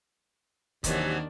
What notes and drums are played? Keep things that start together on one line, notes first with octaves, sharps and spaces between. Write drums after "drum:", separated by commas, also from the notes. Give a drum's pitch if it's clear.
D#2 C3 D#3 E3 F#3 D4, drum: kick F1, hi-hat